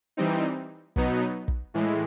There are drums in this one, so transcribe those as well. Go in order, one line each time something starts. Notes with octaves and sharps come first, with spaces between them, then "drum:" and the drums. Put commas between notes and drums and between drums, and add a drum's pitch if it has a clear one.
E3 G3 C4 D#4
B2 F#3 B3 D#4, drum: kick
drum: kick
A2 E3 G#3